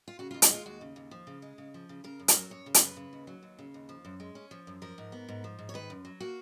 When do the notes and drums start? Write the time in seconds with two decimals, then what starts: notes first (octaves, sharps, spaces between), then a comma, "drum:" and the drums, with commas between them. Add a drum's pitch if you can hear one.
0.08 F4
0.19 C#3 F#4
0.31 F4
0.34 D#2
0.42 D#4, drum: hi-hat
0.50 G#3 F4
0.66 D#2 F#4
0.81 C#3
0.96 D#2
1.11 F3
1.27 C#3
1.42 G#3
1.58 C#3
1.74 F3
1.89 C#3
2.04 C#3 A#4
2.20 F#2
2.28 A#4, drum: hi-hat
2.35 F#3
2.50 F#2 C#5
2.66 C#3
2.74 B4, drum: hi-hat
2.81 F#2
2.96 C#3
3.13 D#2
3.27 F#3
3.43 D#2
3.59 C#3
3.74 D#2
3.89 F3
4.05 F#2
4.20 G#3
4.35 C#4
4.51 F3
4.67 F#2
4.82 F3 A#4
4.98 G#2
5.12 B3
5.29 G#2
5.44 F3
5.59 G#2
5.69 C#5
5.74 D#3 B4
5.90 F#2
6.05 F#3
6.20 A#3 F#4